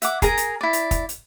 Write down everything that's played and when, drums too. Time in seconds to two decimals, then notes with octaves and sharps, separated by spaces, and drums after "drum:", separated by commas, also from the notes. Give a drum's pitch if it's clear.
0.02 E5 F#5 D6, drum: hi-hat
0.22 G#4 A#4 G#5 A#5, drum: kick, hi-hat
0.37 drum: hi-hat
0.61 E4 D5
0.73 drum: hi-hat
0.91 drum: kick, hi-hat
1.09 drum: hi-hat